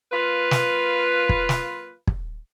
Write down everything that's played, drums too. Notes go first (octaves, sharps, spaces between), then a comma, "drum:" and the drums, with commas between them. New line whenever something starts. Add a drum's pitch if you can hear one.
A#3 F4 B4
drum: snare
drum: kick
drum: snare
drum: kick